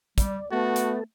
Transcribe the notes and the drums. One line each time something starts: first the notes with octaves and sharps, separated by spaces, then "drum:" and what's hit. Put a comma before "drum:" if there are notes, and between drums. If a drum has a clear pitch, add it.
G3 D5, drum: kick, hi-hat
A3 B3 F#4 A4 A5
drum: hi-hat